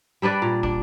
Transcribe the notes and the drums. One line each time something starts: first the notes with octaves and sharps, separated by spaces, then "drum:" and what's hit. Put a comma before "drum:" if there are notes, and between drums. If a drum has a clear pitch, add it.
G3 D4 B4 D5
A#2
D4, drum: kick